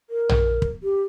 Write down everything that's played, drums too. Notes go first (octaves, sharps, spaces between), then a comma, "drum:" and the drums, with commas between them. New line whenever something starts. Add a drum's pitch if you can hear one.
A#4
drum: tom A#1
drum: kick
G4